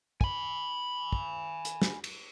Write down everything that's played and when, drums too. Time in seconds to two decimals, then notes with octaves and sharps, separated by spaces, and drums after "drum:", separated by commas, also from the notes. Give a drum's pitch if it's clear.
0.21 G#5 B5, drum: kick
1.12 drum: kick
1.65 drum: hi-hat
1.82 drum: snare
2.04 drum: cymbal